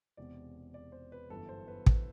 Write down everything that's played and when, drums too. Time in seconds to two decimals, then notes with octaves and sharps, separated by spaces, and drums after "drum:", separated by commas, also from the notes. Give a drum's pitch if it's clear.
0.17 E1 E2 C3 D5
0.74 D5
0.92 C5
1.12 B4
1.30 G1 F#2 E3 A4
1.49 C5
1.68 B4
1.86 B4, drum: kick